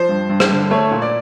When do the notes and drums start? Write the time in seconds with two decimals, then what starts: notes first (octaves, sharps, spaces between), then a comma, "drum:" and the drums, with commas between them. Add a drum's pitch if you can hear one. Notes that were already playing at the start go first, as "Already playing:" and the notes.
Already playing: F3 C5
0.09 G2
0.30 G2
0.40 drum: rim click
0.51 D3
0.71 A3 C#5
0.91 A#2
1.02 D5